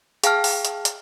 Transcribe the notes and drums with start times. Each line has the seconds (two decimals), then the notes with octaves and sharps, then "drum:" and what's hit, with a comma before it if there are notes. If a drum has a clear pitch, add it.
0.24 G#4 F5 G5 A5 F6, drum: hi-hat
0.44 drum: open hi-hat
0.65 drum: hi-hat
0.85 drum: hi-hat